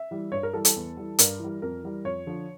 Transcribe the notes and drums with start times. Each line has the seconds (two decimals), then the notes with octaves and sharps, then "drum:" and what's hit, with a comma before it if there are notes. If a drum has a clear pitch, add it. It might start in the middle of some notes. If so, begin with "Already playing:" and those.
Already playing: E5
0.11 E3 G3
0.32 G2 C#5
0.43 A#4
0.53 E3 G3 A4
0.65 A4, drum: hi-hat
0.76 E2
0.97 E3 G3
1.19 G2 A#4, drum: hi-hat
1.40 E3 G3
1.62 F2 A#4
1.83 E3 G3
2.04 F2 C#5
2.27 D3 F3